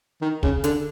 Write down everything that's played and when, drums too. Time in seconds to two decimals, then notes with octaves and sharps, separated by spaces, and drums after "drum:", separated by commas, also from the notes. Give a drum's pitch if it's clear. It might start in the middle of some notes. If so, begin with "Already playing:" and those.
0.22 D#3
0.43 C#3, drum: kick
0.64 D3, drum: hi-hat